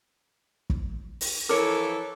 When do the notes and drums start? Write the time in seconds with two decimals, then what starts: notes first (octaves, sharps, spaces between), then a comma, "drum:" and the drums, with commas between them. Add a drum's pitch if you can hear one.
0.70 drum: kick
1.21 drum: open hi-hat
1.49 E3 F3 A4 A#4 C#5 D6